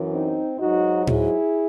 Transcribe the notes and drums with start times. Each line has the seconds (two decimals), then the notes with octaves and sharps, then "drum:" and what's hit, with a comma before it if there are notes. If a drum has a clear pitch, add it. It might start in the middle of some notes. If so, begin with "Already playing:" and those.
Already playing: F#2 E3
0.12 C4 D#4
0.59 G#2 F#3 D#4 F#4
1.07 E4 G#4, drum: tom A2